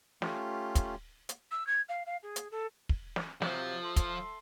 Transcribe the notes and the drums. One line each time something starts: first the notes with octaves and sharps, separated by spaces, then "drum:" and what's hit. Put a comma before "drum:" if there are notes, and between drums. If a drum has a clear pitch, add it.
A3 C#4 F4 G4, drum: snare
drum: kick, hi-hat
drum: hi-hat
E6
G#6
F5
F5
G#4
drum: hi-hat
A4
drum: kick
drum: snare
C3 F3 F#3, drum: snare
A4 E5 C6
drum: kick, hi-hat